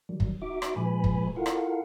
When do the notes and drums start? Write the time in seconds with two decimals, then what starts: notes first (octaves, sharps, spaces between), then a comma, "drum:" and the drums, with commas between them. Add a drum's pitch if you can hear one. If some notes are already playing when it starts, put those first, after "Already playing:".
0.09 D#3 F#3 G3
0.20 drum: kick
0.42 D#4 F#4 E5 D6
0.62 drum: rim click
0.76 A#2 F3 G#3 B4 G#5 B5
1.04 drum: kick
1.36 E4 F4 A4 A#4 F5 F#5
1.46 drum: rim click